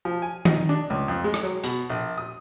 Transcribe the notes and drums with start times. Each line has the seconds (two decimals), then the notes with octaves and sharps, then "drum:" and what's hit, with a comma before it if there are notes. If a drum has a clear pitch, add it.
0.05 F3
0.22 G#5
0.45 D#4, drum: tom D#3
0.69 D4
0.90 C#2
1.08 F2
1.24 G#3
1.34 drum: rim click
1.43 F#3
1.64 B2, drum: hi-hat
1.90 A#1
2.18 D#6